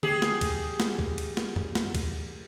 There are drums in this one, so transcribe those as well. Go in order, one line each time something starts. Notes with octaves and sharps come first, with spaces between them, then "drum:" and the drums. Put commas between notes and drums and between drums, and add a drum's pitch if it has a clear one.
G4 G#4, drum: tom D3
drum: snare
drum: kick, cymbal
drum: snare
drum: kick
drum: cymbal
drum: snare
drum: tom F#2
drum: snare
drum: kick, cymbal